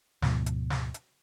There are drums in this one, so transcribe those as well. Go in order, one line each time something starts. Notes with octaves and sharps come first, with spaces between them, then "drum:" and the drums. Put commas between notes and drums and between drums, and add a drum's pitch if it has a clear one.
D2 G#2 B2 F3, drum: snare
drum: hi-hat
drum: snare
drum: hi-hat